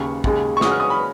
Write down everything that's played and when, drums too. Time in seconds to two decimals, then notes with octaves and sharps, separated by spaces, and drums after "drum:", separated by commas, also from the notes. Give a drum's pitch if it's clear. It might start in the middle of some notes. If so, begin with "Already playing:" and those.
Already playing: D#2 C#3 C#6
0.24 D#2 C#3 G#3, drum: kick
0.57 C#6
0.61 C#3 G#3 C#4 F#4 D#6, drum: snare
0.71 F6
0.80 D#6
0.90 B5